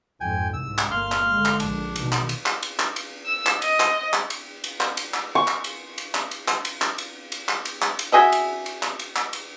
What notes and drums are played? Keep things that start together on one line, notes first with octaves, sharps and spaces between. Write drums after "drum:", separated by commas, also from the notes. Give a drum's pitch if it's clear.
F2 G#2 G5 G#5
C2 G#2 E6
drum: clap
G1 A#2 A#3 F5 C6 F6
drum: clap
D3 G#3
drum: clap
A#1 D4, drum: cymbal
B2 D#3, drum: cymbal
drum: clap
drum: cymbal
drum: clap
drum: cymbal
drum: clap
drum: cymbal
E6
drum: clap
D#5, drum: cymbal
drum: clap
drum: clap
drum: cymbal
drum: cymbal
drum: clap
drum: cymbal
drum: clap
C#6
drum: clap
drum: cymbal
drum: cymbal
drum: clap
drum: cymbal
drum: clap
drum: cymbal
drum: clap
drum: cymbal
drum: cymbal
drum: clap
drum: cymbal
drum: clap
drum: cymbal
F#4 G#4 D#5 E5
drum: cymbal
drum: cymbal
drum: clap
drum: cymbal
drum: clap
drum: cymbal